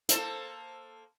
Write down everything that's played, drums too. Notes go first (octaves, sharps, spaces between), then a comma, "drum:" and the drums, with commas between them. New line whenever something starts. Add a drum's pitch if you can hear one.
A#3 A4 C5, drum: hi-hat